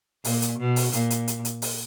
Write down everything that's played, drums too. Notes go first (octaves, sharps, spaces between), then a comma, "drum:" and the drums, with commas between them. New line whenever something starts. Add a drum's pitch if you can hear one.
A#2, drum: open hi-hat
drum: hi-hat
B2
drum: open hi-hat
A#2, drum: hi-hat
drum: hi-hat
drum: hi-hat
drum: hi-hat
drum: open hi-hat